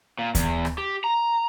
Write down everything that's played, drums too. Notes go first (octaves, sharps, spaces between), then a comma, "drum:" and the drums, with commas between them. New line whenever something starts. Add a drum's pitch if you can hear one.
A#2
E2, drum: kick D#2, hi-hat
drum: rim click
G4
A#5